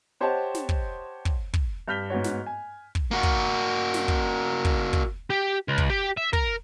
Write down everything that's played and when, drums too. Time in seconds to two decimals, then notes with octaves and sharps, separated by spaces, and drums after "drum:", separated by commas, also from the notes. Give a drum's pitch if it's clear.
0.21 G4 C5 C#5 D#5 F#5 A5
0.55 drum: snare
0.69 drum: kick
1.25 drum: kick
1.54 drum: kick
1.88 G2 F6 G6 B6 G7
2.10 G#2 B3 F#4 C#5
2.24 drum: snare
2.46 G#5
2.95 drum: kick
3.11 A#3 F#4
3.23 drum: kick
3.94 drum: snare
4.08 drum: kick
4.65 drum: kick
4.93 drum: kick
5.30 G4
5.68 C#2
5.78 drum: kick
5.90 G4
6.17 E5
6.33 A#4, drum: kick